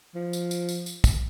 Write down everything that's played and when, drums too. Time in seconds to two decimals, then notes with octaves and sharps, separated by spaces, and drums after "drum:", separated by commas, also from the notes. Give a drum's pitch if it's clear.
0.15 F3
0.33 drum: tambourine
0.51 drum: tambourine
0.69 drum: tambourine
0.86 drum: tambourine
1.04 drum: kick, tambourine